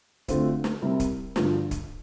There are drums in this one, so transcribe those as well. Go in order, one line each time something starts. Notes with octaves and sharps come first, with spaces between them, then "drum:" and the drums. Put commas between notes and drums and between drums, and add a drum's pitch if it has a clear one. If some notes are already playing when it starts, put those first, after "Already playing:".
D3 A3 C4 F4 C5, drum: kick, hi-hat
drum: snare
C3 G3 C4 E4 A#4
drum: kick, hi-hat
G2 D3 F3, drum: snare
drum: kick, hi-hat